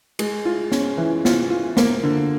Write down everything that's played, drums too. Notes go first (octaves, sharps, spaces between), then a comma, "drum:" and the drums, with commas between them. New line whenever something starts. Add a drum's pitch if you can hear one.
G#3, drum: cymbal
F4
C#4, drum: snare
E3
F4, drum: snare
F4
A#3, drum: snare
D3